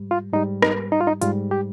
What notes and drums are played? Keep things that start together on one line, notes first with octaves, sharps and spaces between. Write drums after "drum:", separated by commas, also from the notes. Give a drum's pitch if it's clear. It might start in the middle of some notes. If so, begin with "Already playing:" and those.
Already playing: G#2 G3
F4
G#2 G3 D#4
D#4, drum: rim click
D#4
F4
D#4
G#2 G3 F4, drum: hi-hat
G4